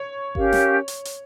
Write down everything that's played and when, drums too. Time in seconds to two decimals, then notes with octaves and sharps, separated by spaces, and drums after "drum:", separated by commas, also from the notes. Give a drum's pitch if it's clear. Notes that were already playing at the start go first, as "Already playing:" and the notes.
Already playing: C#5
0.35 C#4 G4 A#4 F5, drum: kick G1
0.53 drum: snare
0.88 drum: hi-hat
1.05 drum: hi-hat